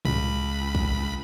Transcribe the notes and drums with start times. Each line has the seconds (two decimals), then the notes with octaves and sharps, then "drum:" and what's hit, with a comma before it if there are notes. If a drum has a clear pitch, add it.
0.05 C#2 B5, drum: tom G#2
0.75 drum: kick